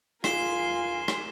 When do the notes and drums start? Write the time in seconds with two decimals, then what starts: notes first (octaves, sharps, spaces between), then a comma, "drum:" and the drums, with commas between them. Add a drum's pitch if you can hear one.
0.24 F4 A#4 G#5 C6 C7 E7 G7, drum: rim click
1.08 drum: rim click